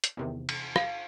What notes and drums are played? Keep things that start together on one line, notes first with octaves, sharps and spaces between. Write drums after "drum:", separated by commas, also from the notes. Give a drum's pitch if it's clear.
drum: hi-hat
E2 C3 D#3
drum: cymbal
F5, drum: rim click